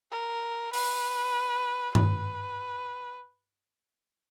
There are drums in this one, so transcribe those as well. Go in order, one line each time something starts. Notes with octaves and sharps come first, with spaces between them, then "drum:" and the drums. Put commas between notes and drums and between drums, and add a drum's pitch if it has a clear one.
A#4
B4, drum: open hi-hat
B4, drum: tom G2